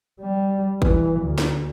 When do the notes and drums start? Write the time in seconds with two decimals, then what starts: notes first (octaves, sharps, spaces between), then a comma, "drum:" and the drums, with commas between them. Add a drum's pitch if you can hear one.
0.20 G3
0.82 E3, drum: kick
1.20 D2
1.38 drum: snare